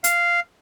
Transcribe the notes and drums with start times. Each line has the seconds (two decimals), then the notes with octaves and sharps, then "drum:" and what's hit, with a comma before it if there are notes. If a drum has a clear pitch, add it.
0.04 F5, drum: hi-hat